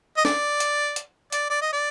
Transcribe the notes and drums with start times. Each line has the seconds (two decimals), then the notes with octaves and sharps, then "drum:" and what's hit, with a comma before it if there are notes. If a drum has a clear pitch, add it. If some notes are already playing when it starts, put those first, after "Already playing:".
0.17 D#5
0.25 D5, drum: snare
0.60 drum: hi-hat
0.96 drum: hi-hat
1.32 D5, drum: hi-hat
1.50 D5
1.62 D#5
1.72 D5